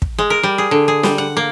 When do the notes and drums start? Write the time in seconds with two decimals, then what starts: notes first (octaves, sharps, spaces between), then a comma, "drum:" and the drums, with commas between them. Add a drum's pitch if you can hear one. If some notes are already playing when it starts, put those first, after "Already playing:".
0.02 drum: kick
0.18 G#3
0.30 A#4
0.43 G3
0.58 G#4
0.71 D3
0.88 G#4
1.03 G3, drum: snare
1.18 F#5
1.37 A#3